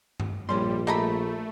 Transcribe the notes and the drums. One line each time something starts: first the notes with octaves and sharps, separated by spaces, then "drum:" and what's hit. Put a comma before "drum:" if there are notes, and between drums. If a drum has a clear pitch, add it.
drum: tom G2
A#1 A#2 G3 C#4 C6
A3 A#3 G4 A4 D#5 A#5 B5